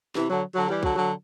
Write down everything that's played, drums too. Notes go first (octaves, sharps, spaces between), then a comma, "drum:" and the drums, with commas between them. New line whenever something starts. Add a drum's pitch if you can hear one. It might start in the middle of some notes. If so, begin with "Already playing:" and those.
C3 E3, drum: snare
D3 F#3
D3 F#3
E3 G3
D3 F#3, drum: kick
D3 F#3